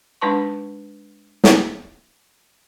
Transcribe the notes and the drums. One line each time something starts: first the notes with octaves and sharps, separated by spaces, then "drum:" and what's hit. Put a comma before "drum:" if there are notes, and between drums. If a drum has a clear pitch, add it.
G#3 D4 D#4 B4 A5 C#6
drum: snare